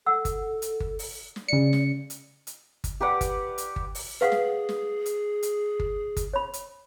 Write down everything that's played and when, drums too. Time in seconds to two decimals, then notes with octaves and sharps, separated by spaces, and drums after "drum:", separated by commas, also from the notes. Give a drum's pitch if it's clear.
0.06 A4 F#5 D#6 E6
0.25 drum: kick G1, hi-hat
0.62 drum: hi-hat
0.80 drum: kick G1
0.99 drum: open hi-hat
1.36 drum: snare
1.48 C#3 D5 C#7
1.73 drum: snare
2.10 drum: hi-hat
2.47 drum: hi-hat
2.84 drum: kick G1, hi-hat
3.00 G4 B4 D5 F#5
3.21 drum: kick G1, hi-hat
3.58 drum: hi-hat
3.76 drum: kick G1
3.95 drum: open hi-hat
4.21 G#4 B4 F5 F#5
4.32 drum: snare
4.69 drum: snare
5.06 drum: hi-hat
5.43 drum: hi-hat
5.80 drum: kick G1
6.17 drum: kick G1, hi-hat
6.33 C#5 B5
6.53 drum: hi-hat